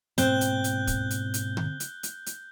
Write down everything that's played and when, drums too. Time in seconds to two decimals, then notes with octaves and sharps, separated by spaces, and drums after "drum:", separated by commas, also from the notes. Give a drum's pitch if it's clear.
0.18 G#2 B2 A#3 C4 F#6 G6 G7, drum: hi-hat
0.41 drum: hi-hat
0.64 drum: hi-hat
0.87 drum: kick, hi-hat
1.10 drum: hi-hat
1.34 drum: hi-hat
1.57 drum: tom D3
1.80 drum: hi-hat
2.03 drum: hi-hat
2.26 drum: hi-hat